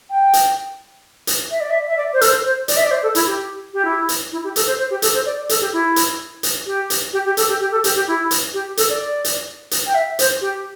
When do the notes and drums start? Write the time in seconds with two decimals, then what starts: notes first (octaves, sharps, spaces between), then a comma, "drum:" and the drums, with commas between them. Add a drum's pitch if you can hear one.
0.10 G5
0.33 drum: hi-hat
1.27 drum: hi-hat
1.51 E5
1.60 D5
1.71 E5
1.88 E5
1.97 D5
2.13 C5
2.21 A4, drum: hi-hat
2.29 C5
2.45 C5
2.68 D5, drum: hi-hat
2.77 E5
2.85 D5
2.91 C5
3.03 A4
3.15 E4, drum: hi-hat
3.27 G4
3.74 G4
3.85 E4
4.09 drum: hi-hat
4.32 E4
4.44 G4
4.56 A4, drum: hi-hat
4.67 C5
4.79 C5
4.91 G4
5.02 A4, drum: hi-hat
5.14 C5
5.26 D5
5.49 A4, drum: hi-hat
5.61 G4
5.73 E4
5.96 drum: hi-hat
6.43 drum: hi-hat
6.66 G4
6.90 drum: hi-hat
7.13 G4
7.26 G4
7.37 A4, drum: hi-hat
7.49 G4
7.61 G4
7.72 A4
7.84 G4, drum: hi-hat
7.96 G4
8.08 E4
8.31 drum: hi-hat
8.54 G4
8.77 A4, drum: hi-hat
8.89 D5
9.24 drum: hi-hat
9.71 drum: hi-hat
9.87 G5
9.94 E5
10.19 C5, drum: hi-hat
10.41 G4